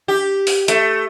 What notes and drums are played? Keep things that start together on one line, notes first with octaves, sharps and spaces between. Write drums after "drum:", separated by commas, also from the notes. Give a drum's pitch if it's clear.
G4
drum: open hi-hat
A3, drum: hi-hat